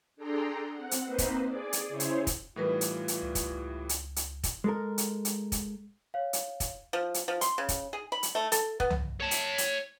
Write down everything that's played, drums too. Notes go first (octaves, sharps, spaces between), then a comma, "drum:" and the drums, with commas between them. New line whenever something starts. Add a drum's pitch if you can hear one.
D4 G#4 A4 G5 A#5 C6
C4 F#5
drum: hi-hat
A#3 C4 D#4 B4 C5
drum: kick, hi-hat
G#4 D5
drum: hi-hat
C#3 E4 G#4 C5 C#5
drum: hi-hat
drum: kick, hi-hat
A2 E3 G3 D#4 F4 A#4 B4
drum: hi-hat
drum: hi-hat
C#2
drum: kick, hi-hat
drum: hi-hat
drum: hi-hat
drum: kick, hi-hat
G#3 A4 A#4
drum: hi-hat
drum: hi-hat
drum: kick, hi-hat
C#5 F5
drum: hi-hat
drum: kick, hi-hat
F3
drum: hi-hat
F3
C6, drum: hi-hat
C#3
drum: kick, hi-hat
G#4
B5
drum: hi-hat
A3
A4, drum: hi-hat
B3, drum: kick
drum: tom
C#5 A5
drum: hi-hat
drum: hi-hat